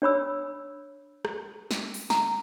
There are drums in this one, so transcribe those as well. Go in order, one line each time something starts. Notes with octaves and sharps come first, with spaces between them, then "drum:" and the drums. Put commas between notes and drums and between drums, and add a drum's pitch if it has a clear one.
D4 C#5 B5 E6
drum: rim click
drum: snare
drum: open hi-hat
A#5, drum: snare